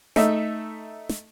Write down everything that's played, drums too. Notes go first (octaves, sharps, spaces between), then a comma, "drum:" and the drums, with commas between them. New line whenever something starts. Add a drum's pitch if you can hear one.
A3 D#4 E5, drum: snare
drum: snare